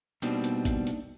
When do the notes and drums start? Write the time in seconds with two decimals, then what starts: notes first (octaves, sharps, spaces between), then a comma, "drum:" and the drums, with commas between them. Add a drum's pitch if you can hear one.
0.22 B2 G3 A#3 C4 D4 D#4, drum: hi-hat
0.44 drum: hi-hat
0.65 drum: kick, hi-hat
0.87 drum: hi-hat